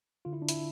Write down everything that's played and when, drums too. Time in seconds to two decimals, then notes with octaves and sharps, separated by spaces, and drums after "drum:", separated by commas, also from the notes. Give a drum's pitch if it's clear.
0.25 D3 F4
0.33 E4
0.42 D4
0.49 E4, drum: hi-hat